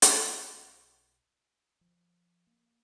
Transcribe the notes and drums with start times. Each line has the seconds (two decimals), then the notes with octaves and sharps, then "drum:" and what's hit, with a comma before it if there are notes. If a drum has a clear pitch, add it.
0.02 drum: hi-hat
0.16 B1
1.81 F3
2.47 A#3